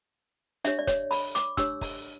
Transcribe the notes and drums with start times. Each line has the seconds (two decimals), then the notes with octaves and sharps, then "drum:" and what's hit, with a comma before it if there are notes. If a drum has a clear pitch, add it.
0.64 D4 G4 C#5 E5, drum: hi-hat
0.79 D5
0.87 C#5, drum: kick, hi-hat
1.11 B5, drum: open hi-hat
1.35 D6, drum: hi-hat
1.57 D4 G4 C#5 E6, drum: kick, hi-hat
1.81 drum: kick, open hi-hat